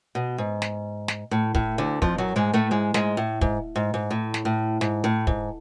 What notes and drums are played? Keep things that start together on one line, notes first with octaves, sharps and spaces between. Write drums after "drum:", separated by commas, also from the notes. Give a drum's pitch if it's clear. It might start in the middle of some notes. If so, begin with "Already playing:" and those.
B2
G#2
drum: snare
drum: snare
A2
A2, drum: kick
D2 D3
F2 F3, drum: kick
F#2 F#3
G#2 G#3
A2 A3
G#2 G#3
G#2 G#3, drum: snare
A2
G#2, drum: kick
G#2
G#2
A2
drum: snare
A2
G#2, drum: snare
A2
G#2, drum: kick